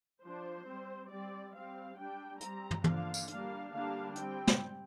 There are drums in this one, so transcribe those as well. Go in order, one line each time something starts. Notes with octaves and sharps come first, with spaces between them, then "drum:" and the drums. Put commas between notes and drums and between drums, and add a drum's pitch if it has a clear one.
F3 D4 C5
G3 C4
G3 C4 D5
G3 C4 F5
G3 D4 G5
G3 C4 A#5, drum: hi-hat
drum: tom
D3 F3 A#3 D4 F5, drum: tom
drum: tambourine
G3 A#3 D4 F5, drum: hi-hat
D3 G3 A#3 D4 F5
G3 C4 G5, drum: hi-hat
drum: snare